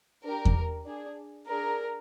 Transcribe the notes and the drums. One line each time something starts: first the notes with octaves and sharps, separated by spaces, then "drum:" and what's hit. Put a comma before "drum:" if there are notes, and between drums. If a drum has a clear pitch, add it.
D4 G4 A#4
drum: kick E2
D4 G#4
D4 G#4 A#4